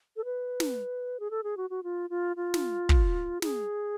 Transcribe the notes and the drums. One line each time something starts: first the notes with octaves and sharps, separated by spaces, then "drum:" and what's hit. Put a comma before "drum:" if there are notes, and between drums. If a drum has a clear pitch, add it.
A4
B4
drum: snare
G#4
A4
G#4
F#4
F#4
F4
F4
F4
drum: snare
drum: kick
G#4, drum: snare